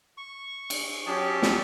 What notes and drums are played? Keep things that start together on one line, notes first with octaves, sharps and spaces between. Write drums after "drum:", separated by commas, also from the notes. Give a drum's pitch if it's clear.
C#6
drum: cymbal
F#3 C#4 G4 G#4 A5
drum: snare